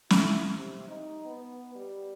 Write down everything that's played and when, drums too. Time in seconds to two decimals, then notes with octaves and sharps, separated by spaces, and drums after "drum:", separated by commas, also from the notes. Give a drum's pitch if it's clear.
0.10 E4, drum: snare
0.56 C3
0.89 D#4
1.25 B3
1.75 G3